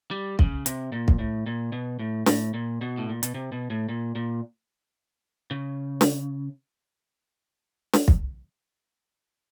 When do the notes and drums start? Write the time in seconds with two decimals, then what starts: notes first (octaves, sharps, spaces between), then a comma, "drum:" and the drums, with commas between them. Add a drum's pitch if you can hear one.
0.11 G3
0.39 C#3, drum: kick
0.66 C3, drum: hi-hat
0.92 A#2
1.08 drum: kick
1.19 A2
1.46 A#2
1.72 B2
1.99 A2
2.26 A2, drum: snare
2.54 A#2
2.81 B2
2.97 A2
3.09 A#2
3.23 B2, drum: hi-hat
3.35 C3
3.52 B2
3.70 A2
3.89 A#2
4.15 A#2
5.51 C#3
6.01 drum: snare
7.93 drum: snare
8.08 drum: kick